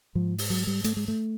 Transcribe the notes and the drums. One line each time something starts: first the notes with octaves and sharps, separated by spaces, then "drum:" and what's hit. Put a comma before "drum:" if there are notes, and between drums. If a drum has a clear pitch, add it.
G#2 F3
drum: open hi-hat
F#3
G3
A3, drum: hi-hat
G#3
A3